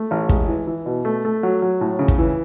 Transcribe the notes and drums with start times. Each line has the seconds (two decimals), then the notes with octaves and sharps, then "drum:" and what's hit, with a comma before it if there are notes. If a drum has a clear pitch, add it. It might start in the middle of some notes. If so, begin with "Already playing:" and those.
Already playing: A3
0.11 A1
0.29 G#3, drum: kick
0.48 E3
0.67 E3
0.86 B2
1.05 A3
1.25 A3
1.43 F#3
1.62 F#3
1.81 A2
1.99 C#3
2.08 drum: kick
2.18 E3